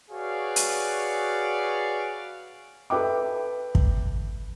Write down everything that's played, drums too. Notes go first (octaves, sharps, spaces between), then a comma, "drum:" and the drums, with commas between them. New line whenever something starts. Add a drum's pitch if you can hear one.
F#4 G#4 B4 C#5 D5 F5
drum: hi-hat
A4 B4 E5 G5 D6
drum: kick